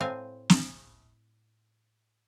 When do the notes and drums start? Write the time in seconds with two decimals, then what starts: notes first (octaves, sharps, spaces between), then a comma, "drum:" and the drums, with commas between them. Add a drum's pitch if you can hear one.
0.01 A2 C4 F5 G#5
0.50 drum: snare